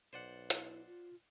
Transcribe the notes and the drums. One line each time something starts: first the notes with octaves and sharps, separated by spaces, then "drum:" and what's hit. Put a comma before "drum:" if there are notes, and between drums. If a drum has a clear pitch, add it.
B1 C5 D5 F#5
E4, drum: hi-hat
F4